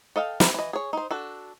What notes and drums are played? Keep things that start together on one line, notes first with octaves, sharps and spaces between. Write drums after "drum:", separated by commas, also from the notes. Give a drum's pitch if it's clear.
A4 D#5 F5 G5
D4 E4 G4 A#4, drum: snare
E3 D#5
G#4 C#5
D#4 C5
D4 F#4 A4